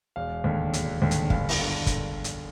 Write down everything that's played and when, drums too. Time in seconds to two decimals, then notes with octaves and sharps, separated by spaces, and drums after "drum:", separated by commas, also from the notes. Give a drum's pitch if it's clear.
0.16 E1 F5
0.44 D#2 D3
0.73 E1, drum: hi-hat
1.02 D#2 D3
1.11 drum: hi-hat
1.30 G1 F5, drum: kick
1.49 drum: open hi-hat
1.61 D3
1.87 drum: kick, hi-hat
2.24 drum: hi-hat